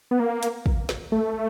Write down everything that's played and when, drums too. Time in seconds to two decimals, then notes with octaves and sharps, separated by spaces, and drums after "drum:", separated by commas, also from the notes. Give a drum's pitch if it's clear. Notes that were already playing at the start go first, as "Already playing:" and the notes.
0.11 B3
0.20 A#3
0.43 drum: hi-hat
0.66 drum: kick
0.89 drum: snare
1.12 A3